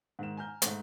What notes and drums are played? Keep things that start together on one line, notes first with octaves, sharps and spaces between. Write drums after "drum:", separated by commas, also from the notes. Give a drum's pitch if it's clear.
G#2 D#3 E7
G#5 A#5 F6 G6
G#2 A3, drum: hi-hat